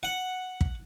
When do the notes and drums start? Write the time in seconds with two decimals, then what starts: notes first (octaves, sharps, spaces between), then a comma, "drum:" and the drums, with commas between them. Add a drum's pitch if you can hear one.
0.03 F#5
0.61 drum: kick